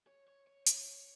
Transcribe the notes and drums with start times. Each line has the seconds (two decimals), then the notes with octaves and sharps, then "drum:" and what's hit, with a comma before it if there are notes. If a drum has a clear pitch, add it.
0.07 C#5
0.28 C#5
0.47 C#5
0.66 C#5, drum: hi-hat
0.87 C#5